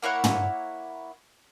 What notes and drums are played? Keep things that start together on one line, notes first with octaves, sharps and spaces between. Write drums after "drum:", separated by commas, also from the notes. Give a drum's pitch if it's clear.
A#3 E4 C#5 F#5
drum: tom